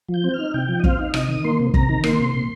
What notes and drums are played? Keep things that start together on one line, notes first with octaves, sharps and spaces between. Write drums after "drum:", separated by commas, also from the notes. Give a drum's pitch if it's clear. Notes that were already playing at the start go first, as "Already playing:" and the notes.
F3
G6
C4
D#4 F6
C3 G5
F3
D#5
C4 F5, drum: kick
D#4
C3 D#5, drum: rim click
D#3 D#6
A#3 C6
C3
C3 A#5, drum: kick
D#3
A#3 C6, drum: rim click
C3
A#2